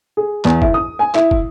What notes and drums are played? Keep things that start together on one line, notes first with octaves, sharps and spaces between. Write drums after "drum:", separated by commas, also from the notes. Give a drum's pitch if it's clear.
G#4
E2, drum: clap
E4, drum: kick
D#6
G#5
E4, drum: clap
drum: kick